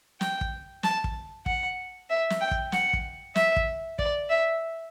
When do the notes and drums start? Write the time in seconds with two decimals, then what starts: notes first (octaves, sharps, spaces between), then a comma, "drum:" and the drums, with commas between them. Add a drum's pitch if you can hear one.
0.21 G5, drum: snare
0.41 drum: kick
0.83 A5, drum: snare
1.04 drum: kick
1.46 F#5, drum: kick
2.09 E5
2.30 drum: snare
2.41 G5
2.51 drum: kick
2.72 F#5, drum: snare
2.93 drum: kick
3.35 E5, drum: snare
3.56 drum: kick
3.99 D5, drum: kick
4.29 E5